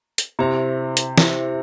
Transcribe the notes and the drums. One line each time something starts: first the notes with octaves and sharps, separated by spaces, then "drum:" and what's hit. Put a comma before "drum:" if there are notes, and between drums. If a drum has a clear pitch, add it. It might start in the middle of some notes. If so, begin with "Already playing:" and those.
drum: hi-hat
C3 E4 G4 C5 E5
drum: hi-hat
E4 G4 C5 E5, drum: snare